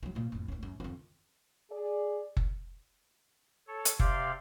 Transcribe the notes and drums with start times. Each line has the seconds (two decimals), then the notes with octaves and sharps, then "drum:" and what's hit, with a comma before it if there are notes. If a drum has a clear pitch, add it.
0.03 E3 F#3
0.15 A#2 A#3
0.32 A1 F2
0.48 D#1 C#4
0.63 F#2
0.80 F2 D#3
1.72 G#4 D5
2.37 drum: kick F#1
3.67 A4 C#5
3.85 drum: hi-hat
4.00 C3 G4 D5 F5 G5 C6, drum: kick F#1